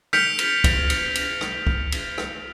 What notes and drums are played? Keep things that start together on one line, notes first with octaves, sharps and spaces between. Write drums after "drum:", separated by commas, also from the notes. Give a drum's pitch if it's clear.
F6 G6 B6 C#7 D7 F7, drum: rim click
drum: cymbal
drum: kick, cymbal
drum: cymbal
drum: cymbal
drum: rim click
drum: kick
drum: cymbal
drum: rim click